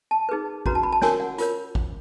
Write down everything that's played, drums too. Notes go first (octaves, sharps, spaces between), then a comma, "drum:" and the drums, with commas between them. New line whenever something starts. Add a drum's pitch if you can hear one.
A5
D#4 G#4 B4
C#4 F#4 B4 A#5, drum: kick G#1
A5
B5
A5
C#4 F#4 A#4 C#5 G#5, drum: snare
F#5
F4 A#4 C#5, drum: hi-hat
drum: kick G#1